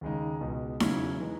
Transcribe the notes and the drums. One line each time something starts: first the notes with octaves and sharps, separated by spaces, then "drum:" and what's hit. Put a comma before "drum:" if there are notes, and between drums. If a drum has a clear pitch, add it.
D#2 C#3 G#3 D#4
C#2 B2 G#3
E2 C#3 F#3 C#4 E4, drum: snare D#4
E3 G#3 D#4